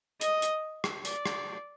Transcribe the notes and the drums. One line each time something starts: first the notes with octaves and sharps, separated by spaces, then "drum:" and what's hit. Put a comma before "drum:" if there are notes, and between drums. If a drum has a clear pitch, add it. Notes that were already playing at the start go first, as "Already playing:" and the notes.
D#5, drum: hi-hat
drum: hi-hat
drum: rim click
D5, drum: hi-hat
drum: rim click